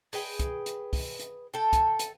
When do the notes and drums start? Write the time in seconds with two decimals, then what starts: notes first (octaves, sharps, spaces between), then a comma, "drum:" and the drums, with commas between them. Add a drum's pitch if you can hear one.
0.13 G#4 B4 G5, drum: open hi-hat
0.39 drum: kick, hi-hat
0.66 drum: hi-hat
0.93 drum: kick, open hi-hat
1.19 drum: hi-hat
1.54 A4 G5
1.73 drum: kick, hi-hat
1.99 drum: hi-hat